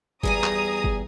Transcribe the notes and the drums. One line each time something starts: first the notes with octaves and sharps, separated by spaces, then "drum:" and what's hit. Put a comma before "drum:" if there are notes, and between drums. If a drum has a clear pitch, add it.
E2 G3 G#4 G#5 A#5 D#6, drum: kick G1
drum: clap
drum: kick G1